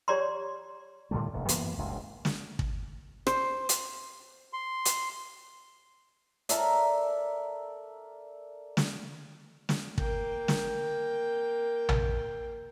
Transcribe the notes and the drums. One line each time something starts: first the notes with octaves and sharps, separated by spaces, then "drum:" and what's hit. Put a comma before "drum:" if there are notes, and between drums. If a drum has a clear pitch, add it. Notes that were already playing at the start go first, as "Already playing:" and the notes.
G4 C#5 D5 A#5 C6
A2 D3 G3 A3
F1 A#1
F#2 E3 A#3 B3, drum: hi-hat
F#1 C#2 G2 A#2
drum: snare
drum: kick
C5, drum: rim click
drum: hi-hat
C6
drum: hi-hat
A4 A#4 D5 E5, drum: hi-hat
drum: snare
drum: snare
A#3 G5, drum: kick
drum: snare
drum: tom